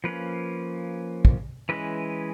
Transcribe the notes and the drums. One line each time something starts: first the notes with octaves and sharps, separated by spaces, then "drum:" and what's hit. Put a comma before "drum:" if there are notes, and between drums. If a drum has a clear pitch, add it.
F3 A#3 C#4 B4
drum: kick
E3 G#3 C#4 B4